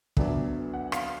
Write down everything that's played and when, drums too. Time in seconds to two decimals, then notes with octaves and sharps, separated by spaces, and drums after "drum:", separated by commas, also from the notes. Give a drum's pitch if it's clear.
0.17 D2 D3 F#3 B3 D4 E5, drum: kick
0.74 F#5
0.92 F5, drum: rim click